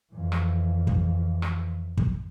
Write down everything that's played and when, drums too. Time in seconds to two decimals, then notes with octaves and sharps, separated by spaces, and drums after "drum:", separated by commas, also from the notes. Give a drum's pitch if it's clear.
0.13 F2 E3
0.32 drum: rim click
0.87 drum: kick
1.42 drum: rim click
1.97 drum: kick